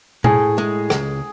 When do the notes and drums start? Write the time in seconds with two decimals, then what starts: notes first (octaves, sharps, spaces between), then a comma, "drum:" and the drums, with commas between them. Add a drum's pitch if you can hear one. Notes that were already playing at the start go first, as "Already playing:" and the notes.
0.24 A2 G#4, drum: tom B2
0.58 G#3
0.90 C#2, drum: rim click